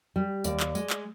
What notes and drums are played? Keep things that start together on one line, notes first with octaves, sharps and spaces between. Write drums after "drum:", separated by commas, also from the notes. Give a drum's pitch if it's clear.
G3
D#2 D5, drum: tambourine
drum: clap
G#3, drum: tambourine
drum: clap